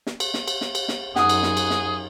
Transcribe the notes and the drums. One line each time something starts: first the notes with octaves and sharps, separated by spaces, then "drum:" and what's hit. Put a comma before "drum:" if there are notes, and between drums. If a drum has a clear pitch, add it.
drum: snare
drum: cymbal
drum: snare
drum: cymbal
drum: snare
drum: cymbal
drum: snare
F#2 D#4 G#4 F#5 D#6, drum: snare
drum: cymbal
drum: snare
drum: cymbal
drum: snare